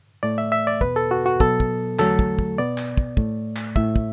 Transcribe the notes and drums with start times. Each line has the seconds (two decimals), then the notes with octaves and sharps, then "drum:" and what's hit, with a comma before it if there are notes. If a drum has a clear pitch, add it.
0.23 A2 A3 D5
0.38 E5
0.52 E5
0.67 D5
0.81 E2 B2 B3 B4, drum: kick
0.96 A4
1.11 F#4
1.26 F#4
1.40 B2 F#3 B3 A4, drum: kick
1.60 drum: kick
1.99 E2 D3 F#3 A3 A4, drum: clap
2.19 drum: kick
2.39 drum: kick
2.58 B2 B3 D5
2.78 drum: clap
2.97 drum: kick
3.17 A2 A3, drum: kick
3.56 drum: clap
3.76 A2 A3 E5, drum: kick
3.96 drum: kick